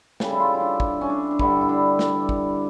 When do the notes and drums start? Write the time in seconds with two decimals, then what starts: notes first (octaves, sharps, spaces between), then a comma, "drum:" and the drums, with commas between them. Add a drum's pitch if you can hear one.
0.20 C#3 G3 A4, drum: snare
0.33 E4
0.40 F4
0.54 E4
0.61 D4
0.80 drum: kick
1.01 C#4
1.10 D4
1.31 D4
1.39 G2 D3 G3 E4, drum: kick
1.61 E4
1.69 D4
1.99 drum: snare
2.29 drum: kick